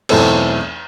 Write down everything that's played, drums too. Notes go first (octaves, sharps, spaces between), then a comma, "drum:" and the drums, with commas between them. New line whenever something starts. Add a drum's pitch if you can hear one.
B1 E2 E3 A3 C4 A4, drum: cymbal